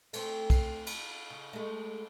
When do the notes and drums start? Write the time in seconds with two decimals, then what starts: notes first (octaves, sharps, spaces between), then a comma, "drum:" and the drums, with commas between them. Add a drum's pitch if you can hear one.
0.13 A3 C4, drum: cymbal
0.50 drum: kick B1, cymbal
0.87 drum: cymbal
1.30 C#3
1.53 G#3 A3